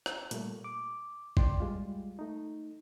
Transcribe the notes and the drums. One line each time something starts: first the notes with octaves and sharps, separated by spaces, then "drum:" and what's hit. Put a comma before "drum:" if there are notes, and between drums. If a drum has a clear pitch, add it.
drum: rim click
A#2 G3 A3, drum: hi-hat
D6
D5 G5 C6, drum: kick
G3 G#3 F4
A3 D#4